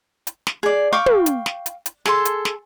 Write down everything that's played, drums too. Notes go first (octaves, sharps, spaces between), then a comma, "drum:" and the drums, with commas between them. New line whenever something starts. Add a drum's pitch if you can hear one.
drum: hi-hat
drum: snare
G#4 D5
F5 G5 C#6 D6
drum: tom
drum: hi-hat
drum: snare
drum: hi-hat
drum: hi-hat
G#4 A4 A5 C6, drum: snare
drum: hi-hat
drum: snare